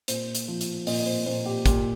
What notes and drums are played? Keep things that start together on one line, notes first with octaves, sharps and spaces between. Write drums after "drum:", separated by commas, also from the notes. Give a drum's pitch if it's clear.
A#2 C5, drum: hi-hat
drum: hi-hat
F3
drum: hi-hat
A#2 D#5, drum: open hi-hat
D#5
C5
A#2 C5
G4
A#2 G4, drum: kick, hi-hat